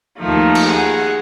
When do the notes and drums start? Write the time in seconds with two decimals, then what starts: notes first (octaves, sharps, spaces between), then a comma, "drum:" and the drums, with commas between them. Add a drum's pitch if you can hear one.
0.19 D#2 D#3 F3 A3
0.55 drum: cymbal
0.68 G#4 F#5